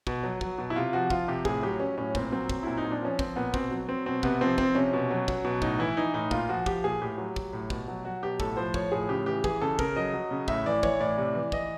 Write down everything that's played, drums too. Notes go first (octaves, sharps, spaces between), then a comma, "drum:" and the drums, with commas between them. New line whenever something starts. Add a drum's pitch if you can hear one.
B2, drum: kick
F#3
F#3, drum: kick
B2
E4
C3 F4
F3 F#4
F3 F4, drum: kick
C3 G4
A2 G#4, drum: kick
F#3 G4
F#3 C#4
A2 C#4
A#2 C4, drum: kick
F#3 C4
F#3, drum: kick
A#2 E4
D#4
A#2
D4
F3 C#4
F3 C4, drum: kick
A#2 B3
B2 C4, drum: kick
F#3
F#3 C4
B2 C4
C3 B3, drum: kick
F3 C4
F3 C4, drum: kick
C3 C#4
B2
F#3
F#3, drum: kick
B2
A2 D#4, drum: kick
E3 E4
E3 D#4
A2 D#4
A#2 F4, drum: kick
F3 F#4
F3 G4, drum: kick
A#2 G#4
A2 G4
F#3
F#3, drum: kick
A2
B2, drum: kick
F#3
F#3 F#4
B2 G4
A2 A4, drum: kick
F3 C5
F3 C#5, drum: kick
A2 G#4
C#3 G4
E3 G4
E3 G#4, drum: kick
C#3 A4
C#3 A#4, drum: kick
F#3 D#5
F#3
C#3
A2 E5, drum: kick
E3 D5
E3 C#5, drum: kick
A2 D5
C3
E3
E3 D#5, drum: kick